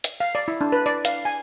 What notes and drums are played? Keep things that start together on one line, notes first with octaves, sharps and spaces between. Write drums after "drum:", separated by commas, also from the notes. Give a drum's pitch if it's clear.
drum: hi-hat
F5
D5
E4
D4
B4
D5
F5, drum: hi-hat
G#5